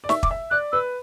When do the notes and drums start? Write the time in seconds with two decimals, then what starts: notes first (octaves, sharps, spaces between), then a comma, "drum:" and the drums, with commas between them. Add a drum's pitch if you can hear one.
0.04 D5
0.09 E5 C#6, drum: snare
0.23 D6, drum: kick
0.31 E5
0.51 D5 F#6
0.72 B4 E6